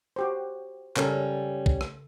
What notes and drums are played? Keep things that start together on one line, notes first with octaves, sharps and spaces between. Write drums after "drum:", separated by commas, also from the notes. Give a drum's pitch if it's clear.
F#4 G4 C5
C#3 G3 C#4 A4 A#4, drum: clap
drum: kick
drum: rim click